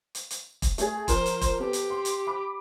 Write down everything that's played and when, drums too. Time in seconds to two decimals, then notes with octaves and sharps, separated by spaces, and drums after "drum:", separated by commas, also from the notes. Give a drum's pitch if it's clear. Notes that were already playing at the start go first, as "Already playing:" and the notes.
0.15 drum: hi-hat
0.31 drum: hi-hat
0.62 drum: kick, hi-hat
0.78 A3 G#4, drum: hi-hat
1.08 F3 A#4 C5, drum: kick, hi-hat
1.26 drum: hi-hat
1.41 drum: kick, hi-hat
1.60 B3 G4 A4
1.73 drum: hi-hat
1.90 C6
2.05 drum: hi-hat
2.27 B5 D6